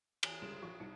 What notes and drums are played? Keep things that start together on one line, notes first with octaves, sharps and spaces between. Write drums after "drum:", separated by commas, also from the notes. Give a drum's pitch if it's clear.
E2 G#5 A5, drum: cymbal
G1 C2 C#3 G#3 C6 E7
A#1 F4 F#4 C#6
C2 D#4 A5 C#7